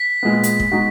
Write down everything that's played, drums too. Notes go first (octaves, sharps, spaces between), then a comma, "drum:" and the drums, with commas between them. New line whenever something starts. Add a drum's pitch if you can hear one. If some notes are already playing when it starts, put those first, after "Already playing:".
Already playing: B6
A#2 G#3 B3
drum: hi-hat
drum: kick
B2 G#3 D#4 F#4